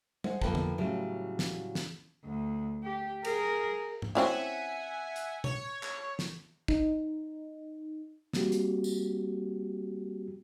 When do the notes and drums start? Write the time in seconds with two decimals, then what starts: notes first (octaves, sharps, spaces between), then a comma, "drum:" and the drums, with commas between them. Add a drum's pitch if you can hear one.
0.24 G#3 C5 F#5, drum: tom
0.42 F2 D3 A#3 B4 G5 A5, drum: kick
0.55 drum: tom
0.78 A2 C#3 F#3 G3
1.39 drum: snare
1.75 drum: snare
2.25 D2
2.84 G4
3.25 G#4 A#4, drum: cymbal
4.02 drum: tom G#2
4.15 C4 C#4 E4 E5 F#5 G#5
5.16 drum: hi-hat
5.44 C#5, drum: tom B2
5.83 drum: clap
6.19 drum: snare
6.68 D#4, drum: kick
8.33 G3 A#3 C4 F#4 G4, drum: snare
8.52 drum: hi-hat
8.84 drum: tambourine